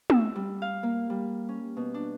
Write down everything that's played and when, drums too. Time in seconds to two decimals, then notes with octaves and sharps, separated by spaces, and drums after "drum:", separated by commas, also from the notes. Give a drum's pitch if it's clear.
0.10 E6, drum: tom
0.35 G3
0.62 F5
0.83 A#3
1.10 G3
1.49 C#4
1.77 B2
1.94 D4